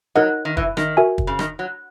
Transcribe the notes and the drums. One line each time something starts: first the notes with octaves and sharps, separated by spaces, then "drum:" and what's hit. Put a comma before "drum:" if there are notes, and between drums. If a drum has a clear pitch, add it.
F#3 D#4 A#4 D#5 F#5
D#3
E3, drum: kick
D#3, drum: rim click
F#4 A#4 E5 G#5
drum: kick
C#3
D#3, drum: rim click
F#3